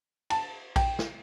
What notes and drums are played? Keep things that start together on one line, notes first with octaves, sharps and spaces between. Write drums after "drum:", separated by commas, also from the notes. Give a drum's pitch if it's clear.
A5, drum: cymbal
G5, drum: kick A#1, cymbal
drum: snare